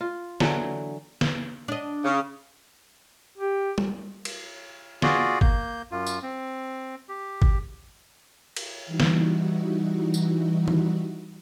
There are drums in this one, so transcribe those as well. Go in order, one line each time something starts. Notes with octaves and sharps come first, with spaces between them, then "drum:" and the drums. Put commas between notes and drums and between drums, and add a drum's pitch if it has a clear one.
F4
D3 E3 F#3, drum: snare
drum: snare
D4 D#5
C#3
G4
drum: tom G3
drum: cymbal
F4 F#4 G#4 D5, drum: snare
A#3 G6, drum: kick G1
F#2 F4
drum: tambourine
C4
G4
drum: kick G1
drum: cymbal
E3 G3 D#4 E4 F#4
drum: snare
drum: tambourine
drum: tom D#3